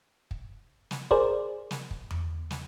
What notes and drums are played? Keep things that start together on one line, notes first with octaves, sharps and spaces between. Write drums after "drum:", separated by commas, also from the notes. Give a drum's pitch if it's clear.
drum: kick
drum: snare
G#4 A#4 C5 D5, drum: kick
drum: snare
drum: kick
drum: tom E2
drum: snare